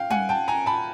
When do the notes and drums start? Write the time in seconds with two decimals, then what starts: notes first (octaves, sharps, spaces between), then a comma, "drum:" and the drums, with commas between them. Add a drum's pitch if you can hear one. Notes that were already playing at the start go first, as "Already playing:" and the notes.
Already playing: F5 G5
0.10 F#5 G#5, drum: tom G3
0.29 G5 A5
0.48 G#5 A#5
0.66 A5 B5